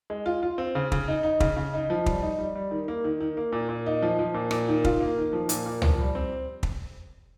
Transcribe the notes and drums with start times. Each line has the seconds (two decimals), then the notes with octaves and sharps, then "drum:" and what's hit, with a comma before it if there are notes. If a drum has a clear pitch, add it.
0.10 G#3
0.26 F4
0.43 F4
0.58 C4
0.75 C#3
0.92 C#3, drum: kick
1.08 D#4
1.23 D#4
1.40 C#3, drum: kick
1.56 C#3
1.73 D#4
1.90 F3
2.06 G3, drum: kick
2.22 D#4
2.39 G3
2.55 G3
2.71 D#3
2.88 A#3
3.04 D#3
3.20 D#3
3.37 A#3
3.52 A#2
3.69 A#2
3.86 D#4
4.02 F3
4.19 F3
4.34 A#2
4.51 A#2, drum: rim click
4.68 D#3
4.84 F4, drum: kick
5.00 A#3
5.17 D#3
5.33 F3
5.49 A#2, drum: hi-hat
5.66 A#2
5.82 F3, drum: tom C#2
5.99 G3
6.15 C4
6.63 drum: kick